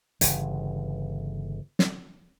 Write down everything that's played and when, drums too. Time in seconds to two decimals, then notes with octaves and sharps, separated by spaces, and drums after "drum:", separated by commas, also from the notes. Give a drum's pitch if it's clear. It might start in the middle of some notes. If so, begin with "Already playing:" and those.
0.21 G1 C#3 E3, drum: hi-hat
1.79 drum: snare